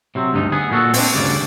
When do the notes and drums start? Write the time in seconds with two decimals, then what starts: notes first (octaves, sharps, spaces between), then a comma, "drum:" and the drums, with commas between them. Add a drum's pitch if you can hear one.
0.15 C3 F#3 C4
0.33 D2 G2 D#4
0.52 B3 G#4
0.71 A#2 F#4 A4
0.94 C4 D4, drum: open hi-hat
1.15 D2 G2 C#3 D5